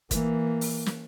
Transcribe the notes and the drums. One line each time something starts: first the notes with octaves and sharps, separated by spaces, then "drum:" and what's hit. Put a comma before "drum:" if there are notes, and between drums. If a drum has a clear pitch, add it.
E3 A#3, drum: kick G1, hi-hat
drum: open hi-hat
drum: snare